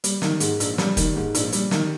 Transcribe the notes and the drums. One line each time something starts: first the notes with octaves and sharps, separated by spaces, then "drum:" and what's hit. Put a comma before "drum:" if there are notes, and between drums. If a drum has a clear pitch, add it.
G3, drum: hi-hat
D#3, drum: snare
G#2, drum: hi-hat
A#1, drum: hi-hat
G3, drum: snare
D#3, drum: kick, hi-hat
G#2
A#1, drum: hi-hat
G3, drum: hi-hat
D#3, drum: snare